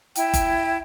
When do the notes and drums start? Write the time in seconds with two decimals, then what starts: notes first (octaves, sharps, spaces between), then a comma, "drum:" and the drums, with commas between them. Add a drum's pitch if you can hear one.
0.15 E4 G5, drum: hi-hat
0.34 drum: kick G1, hi-hat